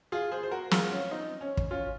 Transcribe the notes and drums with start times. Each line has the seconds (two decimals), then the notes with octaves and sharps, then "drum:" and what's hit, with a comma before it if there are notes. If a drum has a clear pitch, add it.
0.12 F4 G#4
0.32 G#4 C5
0.43 C5
0.51 F#4 A#4
0.71 F4 G#4, drum: snare
0.91 C#4 F4
1.11 C4 D#4
1.41 C#4
1.57 drum: kick
1.71 C#4 F4